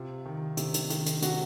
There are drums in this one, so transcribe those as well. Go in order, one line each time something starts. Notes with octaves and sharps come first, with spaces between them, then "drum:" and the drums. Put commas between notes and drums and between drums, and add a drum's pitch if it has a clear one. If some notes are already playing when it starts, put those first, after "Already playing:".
Already playing: C3 F4
D#3
C3, drum: hi-hat
drum: hi-hat
D#3, drum: hi-hat
drum: hi-hat
C3 F#4, drum: hi-hat